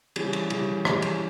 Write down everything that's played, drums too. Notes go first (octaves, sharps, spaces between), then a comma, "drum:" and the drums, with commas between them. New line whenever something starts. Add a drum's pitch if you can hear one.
C#3 E3 G3, drum: cymbal
drum: cymbal
C#3 E3 G3, drum: cymbal
C#3 E3 G3, drum: rim click
drum: cymbal